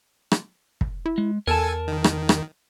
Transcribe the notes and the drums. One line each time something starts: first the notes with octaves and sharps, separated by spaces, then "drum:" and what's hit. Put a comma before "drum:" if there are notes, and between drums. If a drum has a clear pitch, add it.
drum: rim click
drum: kick
E4
G#3
E2 A4 A#4 G#5 A5
D#3
drum: rim click
drum: rim click